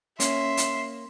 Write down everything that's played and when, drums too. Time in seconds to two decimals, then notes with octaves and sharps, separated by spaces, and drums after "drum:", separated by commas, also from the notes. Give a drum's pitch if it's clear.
0.20 A#3 C#4 E5 C6, drum: hi-hat
0.57 drum: hi-hat